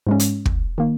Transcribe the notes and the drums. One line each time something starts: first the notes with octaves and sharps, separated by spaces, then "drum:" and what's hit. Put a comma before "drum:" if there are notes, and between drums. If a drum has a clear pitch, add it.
G#2 G#3 C#4
drum: hi-hat
drum: kick
D#3 A#3